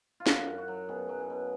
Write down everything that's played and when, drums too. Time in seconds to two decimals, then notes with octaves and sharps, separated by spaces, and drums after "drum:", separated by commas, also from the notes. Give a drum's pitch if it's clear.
0.20 F4
0.27 F#2 F#4, drum: snare
0.47 F#2
0.58 F#4
0.68 F#3
0.89 B2 G#4
1.09 F#3
1.20 G#4
1.30 B2